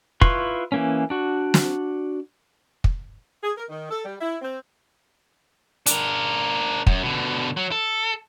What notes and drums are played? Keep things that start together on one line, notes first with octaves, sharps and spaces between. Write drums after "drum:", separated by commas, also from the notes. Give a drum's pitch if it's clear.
E4 F4 B4 C6 C#6, drum: kick
E3 A#3 C#4
D4 F#4
drum: snare
drum: kick
G#4
A#4
D#3
A4
G3
E4
C4
D4 A#4, drum: hi-hat
F#2, drum: kick
B2 D3
F#3
A4